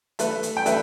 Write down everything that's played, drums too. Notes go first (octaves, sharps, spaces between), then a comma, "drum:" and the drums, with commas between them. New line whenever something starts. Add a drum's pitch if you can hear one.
A3 B4 E5, drum: hi-hat
drum: hi-hat
G5
A3 B4 E5, drum: hi-hat